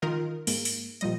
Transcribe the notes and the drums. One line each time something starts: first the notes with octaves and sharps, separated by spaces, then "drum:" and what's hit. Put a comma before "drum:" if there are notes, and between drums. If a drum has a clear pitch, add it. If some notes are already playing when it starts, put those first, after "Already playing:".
D#3 F4 A#4 D#5
G#2 A#3, drum: open hi-hat
drum: open hi-hat
A#2 F3 G3 D#5, drum: hi-hat